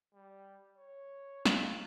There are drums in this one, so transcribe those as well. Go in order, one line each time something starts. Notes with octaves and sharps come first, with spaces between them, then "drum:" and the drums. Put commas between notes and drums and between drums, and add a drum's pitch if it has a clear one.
G3
C#5
F5, drum: snare